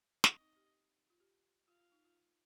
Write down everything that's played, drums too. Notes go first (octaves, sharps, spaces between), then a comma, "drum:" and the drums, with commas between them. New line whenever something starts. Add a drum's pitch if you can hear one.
C4 D#5, drum: snare
D#4
G4
F4
G4
F4 F5
F4
D#4
F4